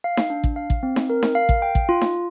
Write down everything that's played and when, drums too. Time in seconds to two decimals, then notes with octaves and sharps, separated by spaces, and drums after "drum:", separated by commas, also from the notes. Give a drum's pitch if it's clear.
0.04 F5
0.17 drum: snare D#4
0.30 D4
0.44 drum: kick
0.56 F5
0.70 drum: kick
0.83 C4
0.96 drum: snare D#4
1.10 A#4
1.23 drum: snare D#4
1.35 F5
1.49 drum: kick
1.62 G5
1.75 drum: kick
1.89 F4
2.01 drum: snare D#4